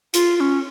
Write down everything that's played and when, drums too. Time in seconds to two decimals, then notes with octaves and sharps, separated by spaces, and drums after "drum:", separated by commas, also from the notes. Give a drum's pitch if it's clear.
0.14 F4, drum: hi-hat
0.36 F4
0.40 C#4